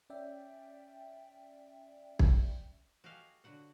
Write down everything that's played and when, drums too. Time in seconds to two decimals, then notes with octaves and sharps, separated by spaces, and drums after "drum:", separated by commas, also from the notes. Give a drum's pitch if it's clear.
0.10 C#4 D5 E5 G5
2.19 drum: kick
3.04 F#4 G4 A4 D#5 F5 G#5
3.44 D3 F#3 F#4 F#5